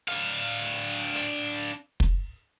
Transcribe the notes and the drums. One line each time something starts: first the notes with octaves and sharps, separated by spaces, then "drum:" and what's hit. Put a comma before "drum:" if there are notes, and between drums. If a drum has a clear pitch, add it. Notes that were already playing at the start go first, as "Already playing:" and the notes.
D4 F5, drum: hi-hat
drum: hi-hat
drum: kick